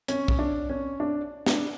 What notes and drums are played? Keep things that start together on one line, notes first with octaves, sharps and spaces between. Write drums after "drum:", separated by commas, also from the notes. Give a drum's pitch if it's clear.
C#4, drum: hi-hat
drum: kick
D4
C#4
D4
D4, drum: snare